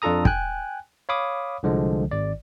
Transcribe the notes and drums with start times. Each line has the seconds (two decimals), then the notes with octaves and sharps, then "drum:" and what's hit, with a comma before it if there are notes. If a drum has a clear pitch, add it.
0.02 F2 D4 F4 A4 A#5 D#6
0.25 G5 G#5 F#6, drum: kick
1.09 C#5 F5 B5 D6 D#6
1.63 C2 D3 F3 G#3
2.11 G#1 D5